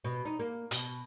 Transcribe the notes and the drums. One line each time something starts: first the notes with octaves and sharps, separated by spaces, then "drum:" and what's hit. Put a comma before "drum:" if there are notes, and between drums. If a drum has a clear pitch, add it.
B2
D#4
A#3
B2, drum: hi-hat